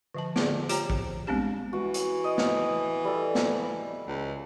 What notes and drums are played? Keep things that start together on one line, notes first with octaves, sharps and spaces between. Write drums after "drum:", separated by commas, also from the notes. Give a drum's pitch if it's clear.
D3 F3 A5
F4 G#4 D5, drum: snare
F4 G4 C5 C#5 G5 A#5, drum: hi-hat
drum: kick A1
G3 G#3 B3 C4 D4 G4
E3 F#4
drum: hi-hat
D#5
drum: snare
G3 A4
drum: snare
C#2